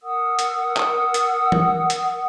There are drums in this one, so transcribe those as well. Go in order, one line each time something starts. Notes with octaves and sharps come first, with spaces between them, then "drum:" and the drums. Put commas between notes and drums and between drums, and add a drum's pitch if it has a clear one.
A#4 F#5 D#6 E6
drum: hi-hat
drum: clap
drum: hi-hat
drum: tom E3
drum: hi-hat